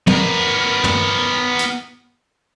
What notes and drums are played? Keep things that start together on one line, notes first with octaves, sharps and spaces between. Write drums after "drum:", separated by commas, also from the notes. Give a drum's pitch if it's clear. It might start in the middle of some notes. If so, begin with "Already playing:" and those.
B3 A#4, drum: tom
drum: tom
drum: hi-hat